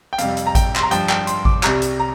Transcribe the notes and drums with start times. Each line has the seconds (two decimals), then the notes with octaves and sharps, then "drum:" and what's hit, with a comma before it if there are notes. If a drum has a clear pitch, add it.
0.13 G5
0.18 F2 C3 G3 F5, drum: hi-hat
0.37 drum: hi-hat
0.46 A#5
0.55 G5, drum: kick G#1, hi-hat
0.76 C6, drum: clap
0.83 A#5
0.91 G2 F3 G5, drum: hi-hat
1.09 G5, drum: clap
1.27 C6, drum: hi-hat
1.45 D6, drum: kick G#1
1.63 C2 C3 G3 A#5, drum: clap
1.82 drum: hi-hat
1.99 A#5